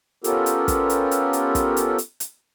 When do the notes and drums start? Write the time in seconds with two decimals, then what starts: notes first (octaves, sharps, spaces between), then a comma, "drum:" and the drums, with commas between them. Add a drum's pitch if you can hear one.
0.24 B3 C#4 F4 G4 A4 A#4, drum: hi-hat
0.46 drum: hi-hat
0.68 drum: kick, hi-hat
0.90 drum: hi-hat
1.11 drum: hi-hat
1.33 drum: hi-hat
1.55 drum: kick, hi-hat
1.77 drum: hi-hat
1.98 drum: hi-hat
2.20 drum: hi-hat